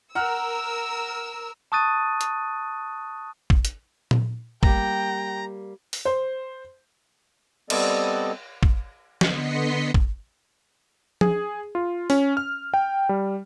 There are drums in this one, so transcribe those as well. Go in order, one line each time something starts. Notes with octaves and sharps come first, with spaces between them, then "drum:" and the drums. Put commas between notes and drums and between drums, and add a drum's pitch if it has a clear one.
A#4 F#5 A#5 E6 F6
A5 C#6 D#6 F#6 A6 D#7
drum: hi-hat
drum: kick
drum: hi-hat
drum: tom A#2
G3 A#3 G5 A#5, drum: kick
drum: open hi-hat
C5
G3 B3 C4 A4 D5 D#5, drum: cymbal
drum: kick
D3 B3 D#5 C6 B6 C#7, drum: snare
drum: kick
G#4, drum: tom F3
F4
C#4, drum: open hi-hat
F6
G5
G3